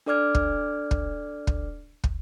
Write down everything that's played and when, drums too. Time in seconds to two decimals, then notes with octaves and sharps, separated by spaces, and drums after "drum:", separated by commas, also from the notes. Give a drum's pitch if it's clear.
0.06 D4 A4 D5 D6 F6 G#6
0.35 drum: kick
0.91 drum: kick
1.47 drum: kick
2.04 drum: kick